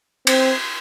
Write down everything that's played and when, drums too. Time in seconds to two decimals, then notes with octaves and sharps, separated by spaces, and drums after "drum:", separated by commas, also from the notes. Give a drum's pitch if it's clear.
0.27 C4, drum: cymbal